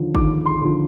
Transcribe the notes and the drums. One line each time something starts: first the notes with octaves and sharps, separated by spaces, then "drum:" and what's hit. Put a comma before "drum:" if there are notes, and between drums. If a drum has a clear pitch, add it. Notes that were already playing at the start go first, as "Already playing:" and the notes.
Already playing: D#2 D3 F3
D#2 D6, drum: kick
C6
D3 F3